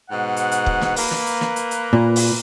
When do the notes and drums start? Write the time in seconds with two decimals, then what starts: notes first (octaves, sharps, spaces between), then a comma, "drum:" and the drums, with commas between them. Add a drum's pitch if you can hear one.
0.10 G#2 B2 F#5
0.37 drum: hi-hat
0.51 drum: hi-hat
0.66 drum: kick
0.81 drum: snare
0.96 A#3 B4, drum: open hi-hat
1.11 drum: snare
1.26 drum: hi-hat
1.41 drum: snare
1.56 drum: hi-hat
1.71 drum: hi-hat
1.93 A#2
2.16 drum: open hi-hat